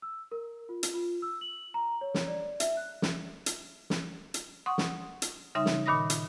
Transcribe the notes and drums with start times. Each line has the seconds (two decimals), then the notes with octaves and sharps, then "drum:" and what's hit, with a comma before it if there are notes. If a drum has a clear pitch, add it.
0.02 E6
0.32 A#4
0.69 F4
0.83 drum: hi-hat
0.94 F4
1.22 E6
1.41 F#7
1.74 A#5
2.01 C#5
2.14 drum: snare
2.28 D5
2.60 E5, drum: hi-hat
2.77 F#6
3.02 drum: snare
3.46 drum: hi-hat
3.90 drum: snare
4.34 drum: hi-hat
4.66 F#5 C6 C#6 D#6
4.78 drum: snare
5.22 drum: hi-hat
5.55 C#3 G3 D#4 E5 C6 D#6
5.66 drum: snare
5.86 A#2 D#3 B5 D#6 A#6
6.10 drum: hi-hat